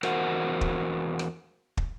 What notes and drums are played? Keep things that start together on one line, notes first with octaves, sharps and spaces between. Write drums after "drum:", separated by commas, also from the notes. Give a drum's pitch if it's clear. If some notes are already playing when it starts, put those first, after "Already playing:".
E2 F#4 A#4 C5 F#5, drum: rim click
drum: kick
drum: rim click
drum: kick